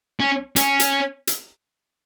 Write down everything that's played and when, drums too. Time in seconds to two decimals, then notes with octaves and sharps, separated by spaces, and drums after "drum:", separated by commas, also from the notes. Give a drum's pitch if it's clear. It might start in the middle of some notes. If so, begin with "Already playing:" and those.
0.20 C#4
0.56 C#4, drum: hi-hat
0.80 drum: hi-hat
1.27 drum: hi-hat